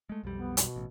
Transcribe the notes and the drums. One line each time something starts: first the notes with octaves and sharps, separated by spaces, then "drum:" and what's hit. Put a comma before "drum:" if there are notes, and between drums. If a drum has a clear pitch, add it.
G#3 A3
B1 F2 G3
B3
B2, drum: hi-hat
A1